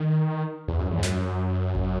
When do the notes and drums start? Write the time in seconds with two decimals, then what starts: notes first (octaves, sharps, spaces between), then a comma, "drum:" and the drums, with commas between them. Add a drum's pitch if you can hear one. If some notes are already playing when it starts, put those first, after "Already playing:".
Already playing: D#3
0.68 E2
0.79 F#2
0.91 E2
0.98 G#2
1.03 F#2, drum: snare
1.75 drum: kick G#1